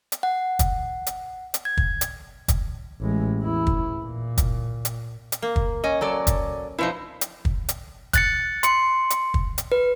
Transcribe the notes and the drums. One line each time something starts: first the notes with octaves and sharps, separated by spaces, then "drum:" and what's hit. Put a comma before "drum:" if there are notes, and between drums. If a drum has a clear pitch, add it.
drum: hi-hat
F#5
drum: kick, hi-hat
drum: hi-hat
drum: hi-hat
G#6
drum: kick
drum: hi-hat
drum: kick, hi-hat
A1 G#3
E2 E4
drum: kick
A#2
drum: kick, hi-hat
drum: hi-hat
drum: hi-hat
A#3
drum: kick
C#4 D#5
F#3 A4 D5
drum: kick, hi-hat
B2 F3 D#4 E4
drum: hi-hat
drum: kick
drum: hi-hat
F#6 A6 C#7, drum: kick, hi-hat
C6 C#7, drum: hi-hat
drum: hi-hat
drum: kick
drum: hi-hat
B4